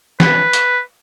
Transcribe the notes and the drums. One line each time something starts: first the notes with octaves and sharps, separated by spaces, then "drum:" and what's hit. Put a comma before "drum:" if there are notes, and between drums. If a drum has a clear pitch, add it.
B4, drum: snare
drum: hi-hat